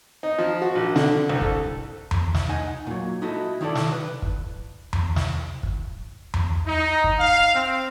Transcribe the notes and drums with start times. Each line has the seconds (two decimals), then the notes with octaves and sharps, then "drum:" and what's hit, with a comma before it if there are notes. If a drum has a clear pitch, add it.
0.23 D#4
0.39 F3
0.62 F#4
0.75 A#1
0.96 D3, drum: snare
1.29 C2
1.41 A4, drum: kick
2.11 drum: tom E2
2.34 drum: snare
2.49 D#4 D#5 F#5 G#5
2.87 A#2 F#3
3.22 D#4 E4 F#4 A4 D#5
3.61 D#3 D#4 E4 A4 D5
3.75 drum: snare
3.92 B4
4.22 drum: kick
4.93 drum: tom E2
5.16 drum: snare
5.63 drum: kick
6.34 drum: tom E2
6.66 D#4
7.04 drum: kick
7.18 F5
7.54 C4